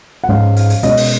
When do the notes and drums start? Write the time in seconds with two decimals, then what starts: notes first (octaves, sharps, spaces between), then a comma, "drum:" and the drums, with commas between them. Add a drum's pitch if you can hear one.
0.24 F#5
0.28 G#2 F3 G#3 C#4 F5
0.57 F5, drum: hi-hat
0.70 drum: hi-hat
0.83 B2 G#3 C#4 D#5, drum: hi-hat
0.97 drum: open hi-hat